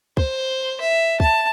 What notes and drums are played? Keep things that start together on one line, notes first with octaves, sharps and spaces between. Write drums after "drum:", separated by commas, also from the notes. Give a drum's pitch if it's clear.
C5, drum: kick
E5
A5, drum: kick